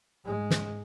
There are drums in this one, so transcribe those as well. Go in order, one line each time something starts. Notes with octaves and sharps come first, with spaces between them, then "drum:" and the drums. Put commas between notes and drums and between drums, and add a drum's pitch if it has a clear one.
G#2 G#3
drum: snare